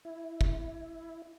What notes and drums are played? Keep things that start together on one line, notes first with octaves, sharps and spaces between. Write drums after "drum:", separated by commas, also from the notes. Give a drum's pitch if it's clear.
E4
drum: kick